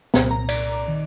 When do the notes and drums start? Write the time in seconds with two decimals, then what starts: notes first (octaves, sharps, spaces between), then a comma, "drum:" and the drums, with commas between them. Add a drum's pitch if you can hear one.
0.14 C2 A#2, drum: snare
0.31 A#5
0.49 D5, drum: cymbal
0.88 D#3